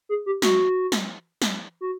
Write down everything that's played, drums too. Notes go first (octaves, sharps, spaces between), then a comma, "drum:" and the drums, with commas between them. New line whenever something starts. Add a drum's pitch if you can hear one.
G#4
G4
F#4, drum: snare
drum: snare
drum: snare
F#4